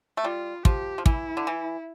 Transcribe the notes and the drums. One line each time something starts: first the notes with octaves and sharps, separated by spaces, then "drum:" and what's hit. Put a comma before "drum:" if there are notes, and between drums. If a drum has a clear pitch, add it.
A3
G3 F4
F3 G4, drum: kick
F3
E3 E4, drum: kick
D3
E3